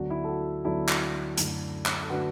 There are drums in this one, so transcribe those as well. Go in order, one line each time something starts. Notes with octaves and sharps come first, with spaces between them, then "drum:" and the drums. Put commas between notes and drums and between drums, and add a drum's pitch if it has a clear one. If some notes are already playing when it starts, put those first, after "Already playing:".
Already playing: D2 D3 F#3 B3 D4 F#4
E4
A4
F#4
D2 D3 F#3 B3 D4 E4 A4
drum: clap
F#2 D3 A3 D4, drum: hi-hat
drum: clap
A4
D3 A3 D4 F#4 B4